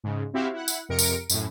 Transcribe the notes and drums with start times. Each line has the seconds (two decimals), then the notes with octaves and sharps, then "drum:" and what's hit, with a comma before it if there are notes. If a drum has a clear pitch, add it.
0.04 G#2 C#3
0.33 C4 E4 F#4 G4 E5 F5
0.53 E4 F#5
0.68 drum: tambourine
0.89 F2 C3 A#4 C#7 D7
0.99 drum: tambourine
1.30 F#2 A2, drum: tambourine